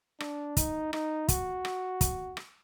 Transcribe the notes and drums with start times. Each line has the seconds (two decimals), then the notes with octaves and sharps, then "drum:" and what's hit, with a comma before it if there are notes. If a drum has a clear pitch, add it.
0.20 D4, drum: rim click
0.57 D#4, drum: kick, hi-hat
0.93 D#4, drum: rim click
1.28 F#4, drum: kick, hi-hat
1.65 drum: rim click
2.01 drum: kick, hi-hat
2.37 drum: rim click